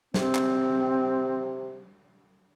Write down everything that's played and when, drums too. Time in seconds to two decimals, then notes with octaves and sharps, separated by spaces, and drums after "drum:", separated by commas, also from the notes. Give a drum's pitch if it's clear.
0.14 C3 C4, drum: snare
0.35 drum: clap